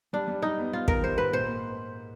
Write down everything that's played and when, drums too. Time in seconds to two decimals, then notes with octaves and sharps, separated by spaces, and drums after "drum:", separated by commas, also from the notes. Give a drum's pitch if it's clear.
0.13 G3 D4
0.28 G3
0.42 G3 D#4
0.59 B3
0.73 B3 F4
0.88 D#3 A#4, drum: kick
1.03 G3 C5
1.18 G#2 B4
1.33 A#2 C5
1.48 A#3